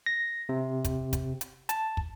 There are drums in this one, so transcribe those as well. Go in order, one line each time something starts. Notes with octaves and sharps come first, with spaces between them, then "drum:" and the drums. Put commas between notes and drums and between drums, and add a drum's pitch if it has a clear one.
A#6
C3
drum: kick, hi-hat
drum: kick, hi-hat
drum: hi-hat
A5, drum: hi-hat
drum: kick